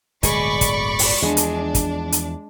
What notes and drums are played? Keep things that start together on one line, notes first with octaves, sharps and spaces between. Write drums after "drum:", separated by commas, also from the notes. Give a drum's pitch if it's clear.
D1 G1 B2 G#3 D5 B5 C#6, drum: hi-hat
drum: kick, hi-hat
drum: open hi-hat
E2 F3 G#3 D4
drum: hi-hat
drum: kick, hi-hat
drum: hi-hat